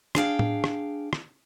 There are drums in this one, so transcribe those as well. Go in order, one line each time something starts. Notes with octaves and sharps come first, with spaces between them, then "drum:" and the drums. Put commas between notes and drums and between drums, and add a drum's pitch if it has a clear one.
D4 G#4 F5 G5, drum: rim click
drum: tom A2
drum: rim click
drum: rim click